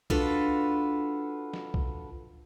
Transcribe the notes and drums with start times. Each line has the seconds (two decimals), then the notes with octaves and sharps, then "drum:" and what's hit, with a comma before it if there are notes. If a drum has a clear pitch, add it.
0.10 D4 F4 F#4 A4 B4, drum: kick
1.54 drum: snare
1.74 drum: kick